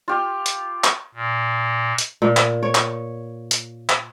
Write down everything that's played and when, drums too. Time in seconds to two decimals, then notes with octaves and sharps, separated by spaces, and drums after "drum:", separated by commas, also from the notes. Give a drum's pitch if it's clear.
0.08 F4 G4
0.46 drum: hi-hat
0.84 drum: clap
1.15 A#2
1.98 drum: hi-hat
2.22 A#2
2.37 drum: clap
2.63 C#5
2.75 drum: clap
3.51 drum: hi-hat
3.89 drum: clap